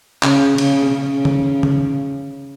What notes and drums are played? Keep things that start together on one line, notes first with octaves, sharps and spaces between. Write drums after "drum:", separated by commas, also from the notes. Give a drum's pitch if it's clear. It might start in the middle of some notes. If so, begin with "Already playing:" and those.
C#3, drum: clap
C#3, drum: cymbal
C#3
drum: tom C#3
drum: tom C#3